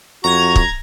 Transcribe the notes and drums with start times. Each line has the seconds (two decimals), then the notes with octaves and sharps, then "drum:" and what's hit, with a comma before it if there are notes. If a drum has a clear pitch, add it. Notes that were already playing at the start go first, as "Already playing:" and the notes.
0.24 F2 F#4 A#5 G#6
0.56 drum: kick